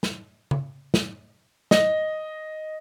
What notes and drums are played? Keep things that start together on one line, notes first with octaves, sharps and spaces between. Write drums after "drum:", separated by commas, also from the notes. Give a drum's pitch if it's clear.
drum: snare
drum: tom C#3
drum: snare
D#5, drum: snare